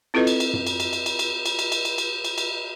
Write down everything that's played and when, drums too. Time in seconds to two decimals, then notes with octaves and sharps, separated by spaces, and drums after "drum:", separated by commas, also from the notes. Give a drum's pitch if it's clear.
0.14 C4 E4 F4 A4 B4 D#5
0.27 drum: cymbal
0.40 drum: cymbal
0.53 drum: tom F#2
0.67 drum: cymbal
0.80 drum: cymbal
0.93 drum: cymbal
1.06 drum: cymbal
1.19 drum: cymbal
1.46 drum: cymbal
1.59 drum: cymbal
1.72 drum: cymbal
1.85 drum: cymbal
1.98 drum: cymbal
2.25 drum: cymbal
2.38 drum: cymbal